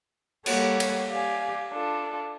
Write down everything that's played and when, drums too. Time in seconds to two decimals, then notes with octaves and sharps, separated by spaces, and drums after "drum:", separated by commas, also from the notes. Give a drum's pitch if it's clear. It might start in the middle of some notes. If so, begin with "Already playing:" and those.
0.46 G3 A#3 G4 A4 C#5 F#5, drum: cymbal
0.80 drum: cymbal
1.10 G4 D5 F5 G#5
1.72 D4 F4 A4